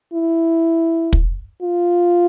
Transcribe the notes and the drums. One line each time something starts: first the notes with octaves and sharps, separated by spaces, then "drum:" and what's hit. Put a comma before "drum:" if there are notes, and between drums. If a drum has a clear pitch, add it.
E4
drum: kick
F4